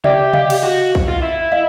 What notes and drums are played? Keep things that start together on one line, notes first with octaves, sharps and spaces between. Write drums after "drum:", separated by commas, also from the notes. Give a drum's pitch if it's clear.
G4 D5 E5, drum: tom C3
D#5 F5, drum: tom C3
drum: cymbal
F#4
drum: kick
F4
E4
D#5 F5